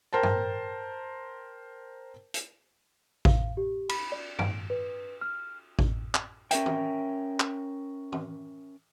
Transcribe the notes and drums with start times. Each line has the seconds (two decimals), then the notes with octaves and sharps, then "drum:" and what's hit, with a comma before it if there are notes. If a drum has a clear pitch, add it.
0.13 A#4 C5 G5 A5
0.23 drum: tom G2
2.34 drum: hi-hat
3.25 F5, drum: kick A1
3.57 G4
3.89 B5, drum: cymbal
4.12 D5
4.39 D7, drum: tom G2
4.70 B4
5.21 F6
5.79 drum: kick A1
6.14 drum: clap
6.51 C#4 A#4 E5 G5, drum: hi-hat
6.66 drum: tom
7.40 drum: clap
8.12 drum: tom